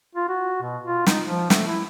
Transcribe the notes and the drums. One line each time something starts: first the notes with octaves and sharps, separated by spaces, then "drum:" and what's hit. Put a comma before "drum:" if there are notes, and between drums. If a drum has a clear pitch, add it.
F4
F#4
B2
F4
D#4, drum: snare
F3
A3, drum: snare
E4